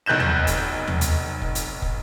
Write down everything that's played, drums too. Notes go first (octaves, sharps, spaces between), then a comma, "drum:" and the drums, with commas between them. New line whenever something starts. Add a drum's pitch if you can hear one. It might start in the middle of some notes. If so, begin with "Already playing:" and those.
F1 B1 F#6 G6 E7
drum: tom D#2
drum: kick, hi-hat
drum: tom D#2
drum: hi-hat
drum: kick
drum: hi-hat
drum: kick